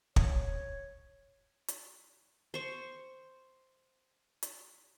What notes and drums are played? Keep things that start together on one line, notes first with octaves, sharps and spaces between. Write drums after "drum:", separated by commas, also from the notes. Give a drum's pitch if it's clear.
C#5, drum: kick
drum: hi-hat
C5 C#6
drum: hi-hat